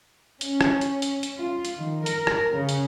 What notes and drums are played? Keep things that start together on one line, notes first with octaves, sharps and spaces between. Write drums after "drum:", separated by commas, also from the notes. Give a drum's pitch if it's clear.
C#4, drum: hi-hat
drum: rim click
drum: hi-hat
drum: hi-hat
drum: hi-hat
F4
drum: hi-hat
D#3
A#4, drum: hi-hat
drum: rim click
C#3
drum: hi-hat